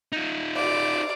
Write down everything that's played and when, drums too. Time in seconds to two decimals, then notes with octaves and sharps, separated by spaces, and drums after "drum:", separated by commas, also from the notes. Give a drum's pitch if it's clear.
0.12 D#4 F4
0.55 D5, drum: cymbal